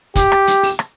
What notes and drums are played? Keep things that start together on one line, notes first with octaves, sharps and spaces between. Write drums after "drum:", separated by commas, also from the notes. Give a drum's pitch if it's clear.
G4, drum: kick, hi-hat
drum: rim click
drum: hi-hat
drum: open hi-hat
drum: rim click